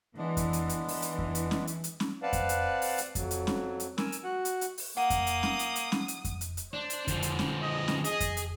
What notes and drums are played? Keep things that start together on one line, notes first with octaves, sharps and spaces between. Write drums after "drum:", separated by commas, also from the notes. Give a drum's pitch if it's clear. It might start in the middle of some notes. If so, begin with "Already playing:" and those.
E3 G#3 B3 D4
drum: kick F2, hi-hat
drum: hi-hat
drum: hi-hat
E3, drum: open hi-hat
drum: hi-hat
drum: kick F2
drum: hi-hat
drum: snare C#4
drum: hi-hat
drum: hi-hat
drum: snare C#4
C4 B4 D5 F5 F#5 A5
drum: kick F2, hi-hat
drum: hi-hat
drum: open hi-hat
drum: hi-hat
F2 F#3, drum: kick F2, hi-hat
drum: hi-hat
drum: snare C#4
drum: hi-hat
A#4 G#5 E6, drum: snare C#4
drum: hi-hat
F#4 F#5
drum: hi-hat
drum: hi-hat
drum: open hi-hat
A#3 F#5 D#6
drum: kick F2, hi-hat
drum: hi-hat
drum: snare C#4
drum: hi-hat
drum: hi-hat
drum: snare C#4
drum: hi-hat
drum: kick F2, hi-hat
drum: hi-hat
drum: hi-hat
D4 C5
drum: hi-hat
D3 F3, drum: kick F2, hi-hat
drum: hi-hat
drum: snare C#4
D#5
drum: snare C#4
G#4 D#5, drum: hi-hat
drum: kick F2, hi-hat
drum: hi-hat